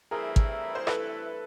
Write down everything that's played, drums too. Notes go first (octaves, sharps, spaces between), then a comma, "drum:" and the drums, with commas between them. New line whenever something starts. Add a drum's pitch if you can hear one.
G2 E3 A3 C4 E4 G#4 A#4
drum: kick
C5
A4 B4, drum: rim click